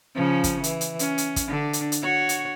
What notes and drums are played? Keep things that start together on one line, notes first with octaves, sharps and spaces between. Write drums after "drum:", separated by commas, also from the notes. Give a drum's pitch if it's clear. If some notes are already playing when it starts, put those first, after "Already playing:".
C#3 F3 C#4
drum: kick, hi-hat
E3, drum: hi-hat
drum: hi-hat
C#4, drum: hi-hat
drum: hi-hat
drum: kick, hi-hat
D3 D4
drum: hi-hat
drum: hi-hat
F#4 C#5
drum: hi-hat